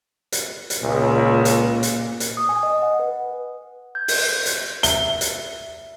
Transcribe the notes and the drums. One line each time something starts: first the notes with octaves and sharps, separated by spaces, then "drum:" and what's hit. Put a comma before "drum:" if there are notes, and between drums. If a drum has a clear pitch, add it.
drum: hi-hat
drum: hi-hat
C#2 A#2
drum: hi-hat
drum: hi-hat
drum: hi-hat
D#6
G#5
D#5
F#5
B4
G6 G#6
drum: open hi-hat
drum: hi-hat
E5 G7, drum: hi-hat
drum: hi-hat